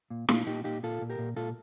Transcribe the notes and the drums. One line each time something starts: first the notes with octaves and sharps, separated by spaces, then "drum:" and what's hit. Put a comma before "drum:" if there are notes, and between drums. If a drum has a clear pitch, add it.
A#2
A#2 D4 F4, drum: snare
A#2 D#4 G4
A#2 D#4 G4
A#2 F4 A4
A#2
G4 A#4
A#2
A#2 F4 A4